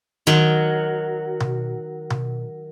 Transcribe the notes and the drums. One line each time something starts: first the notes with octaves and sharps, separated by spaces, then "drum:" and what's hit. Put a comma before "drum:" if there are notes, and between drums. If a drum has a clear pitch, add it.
D#3 F#3
drum: tom B2
drum: tom B2